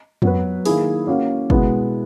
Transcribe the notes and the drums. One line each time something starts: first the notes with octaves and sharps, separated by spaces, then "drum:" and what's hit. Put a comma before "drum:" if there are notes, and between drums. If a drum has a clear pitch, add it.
F#3 B3 F#4 B4, drum: tom F2
D#3 A#3 E4 G#4, drum: open hi-hat
A#3 C#4 F#4
B2 G#3 B3 E4, drum: kick